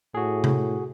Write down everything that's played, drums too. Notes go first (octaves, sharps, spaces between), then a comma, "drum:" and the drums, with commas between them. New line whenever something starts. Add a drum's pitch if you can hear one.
A2 F#4 G#4
drum: tom C3